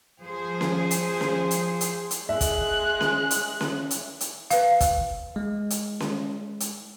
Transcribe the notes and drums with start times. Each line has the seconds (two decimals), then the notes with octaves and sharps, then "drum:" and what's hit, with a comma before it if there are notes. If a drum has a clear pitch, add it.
0.20 F3 G#4 C5
0.61 drum: snare C#4
0.91 drum: hi-hat
1.21 drum: snare C#4
1.51 drum: hi-hat
1.81 drum: hi-hat
2.11 drum: hi-hat
2.29 G#3 E5 F#6
2.41 drum: kick, hi-hat
3.01 drum: snare C#4
3.31 drum: hi-hat
3.61 drum: snare C#4
3.91 drum: hi-hat
4.21 drum: hi-hat
4.51 B4 F5, drum: hi-hat
4.80 drum: kick, hi-hat
5.36 G#3
5.70 drum: hi-hat
6.00 drum: snare C#4
6.60 drum: hi-hat